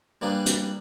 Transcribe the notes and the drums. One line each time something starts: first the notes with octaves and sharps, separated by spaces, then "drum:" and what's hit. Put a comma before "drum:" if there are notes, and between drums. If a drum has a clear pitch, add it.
G3 A#3 D4 G#4 B4
drum: hi-hat